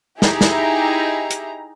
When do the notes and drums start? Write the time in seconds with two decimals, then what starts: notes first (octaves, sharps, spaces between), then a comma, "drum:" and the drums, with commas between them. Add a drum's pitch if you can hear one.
0.22 D#4 E4 G4 G#4 A#5, drum: snare
0.41 drum: snare
1.30 drum: hi-hat